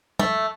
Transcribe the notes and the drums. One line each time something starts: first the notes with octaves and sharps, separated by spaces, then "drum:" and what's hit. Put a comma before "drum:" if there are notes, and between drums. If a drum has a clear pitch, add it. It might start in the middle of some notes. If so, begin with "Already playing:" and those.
A3, drum: tom G3